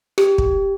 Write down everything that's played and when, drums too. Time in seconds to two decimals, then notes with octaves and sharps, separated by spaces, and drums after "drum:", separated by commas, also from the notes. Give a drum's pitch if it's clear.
0.18 G4, drum: rim click
0.38 drum: kick